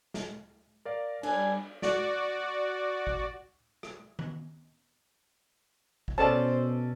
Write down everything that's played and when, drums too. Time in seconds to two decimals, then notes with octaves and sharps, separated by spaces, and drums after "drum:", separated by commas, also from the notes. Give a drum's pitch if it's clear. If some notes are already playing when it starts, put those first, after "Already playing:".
0.14 drum: snare
0.85 A#4 D5 F5
1.23 G3 D4 G#5, drum: cymbal
1.82 F#4 D5, drum: snare
3.07 drum: kick G#1
3.83 drum: rim click
4.19 drum: tom D#3
6.08 drum: kick G#1
6.18 B2 C#4 A4 C5 D5 A5